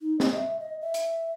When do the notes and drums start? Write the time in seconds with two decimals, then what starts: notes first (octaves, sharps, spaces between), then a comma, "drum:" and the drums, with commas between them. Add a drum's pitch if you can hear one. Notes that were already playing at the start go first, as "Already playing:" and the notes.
0.02 D#4
0.20 D#5, drum: snare
0.35 E5
0.60 D#5
0.81 E5
0.94 drum: hi-hat